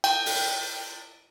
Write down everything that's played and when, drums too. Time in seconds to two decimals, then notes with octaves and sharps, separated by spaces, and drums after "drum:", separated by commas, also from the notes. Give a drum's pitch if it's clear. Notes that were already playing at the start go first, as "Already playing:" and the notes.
0.04 G5, drum: cymbal
0.26 drum: open hi-hat